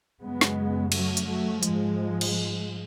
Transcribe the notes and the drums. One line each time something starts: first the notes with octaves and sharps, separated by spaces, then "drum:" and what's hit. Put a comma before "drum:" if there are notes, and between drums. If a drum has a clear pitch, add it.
F#2 C#3 G#3 B3
drum: snare
F#3 A3, drum: cymbal
drum: hi-hat
F#3 A3
G#2 F3 G#3, drum: hi-hat
drum: cymbal